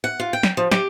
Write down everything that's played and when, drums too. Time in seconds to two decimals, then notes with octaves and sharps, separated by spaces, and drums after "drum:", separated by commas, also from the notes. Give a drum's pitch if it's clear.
0.04 F#5
0.20 F4
0.33 G5
0.43 drum: snare
0.57 F3
0.71 G4, drum: snare